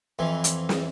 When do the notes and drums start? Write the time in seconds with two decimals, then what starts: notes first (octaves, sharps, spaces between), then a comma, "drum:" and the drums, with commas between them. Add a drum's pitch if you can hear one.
0.19 F2 E3
0.44 drum: hi-hat
0.69 drum: snare